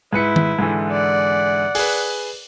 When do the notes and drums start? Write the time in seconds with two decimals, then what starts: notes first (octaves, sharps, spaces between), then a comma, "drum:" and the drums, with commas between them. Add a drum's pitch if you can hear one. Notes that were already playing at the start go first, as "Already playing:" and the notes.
0.13 G#2 E4 B4 C#7
0.36 drum: tom
0.59 G#2 D3 E3
0.92 D5 F#5
1.75 G#4 B4, drum: open hi-hat